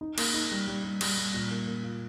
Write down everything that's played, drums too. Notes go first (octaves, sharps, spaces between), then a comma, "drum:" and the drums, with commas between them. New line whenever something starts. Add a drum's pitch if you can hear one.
D#4
A#3, drum: cymbal
D#4
G3
G3
G3
G3, drum: cymbal
G3
A#2
A#3
A#3
F4